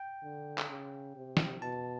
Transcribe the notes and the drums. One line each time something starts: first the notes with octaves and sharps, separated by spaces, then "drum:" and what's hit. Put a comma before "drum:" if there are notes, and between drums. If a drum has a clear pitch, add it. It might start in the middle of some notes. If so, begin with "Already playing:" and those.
Already playing: G5
D3
drum: clap
C#3
C3
drum: snare
B2 A5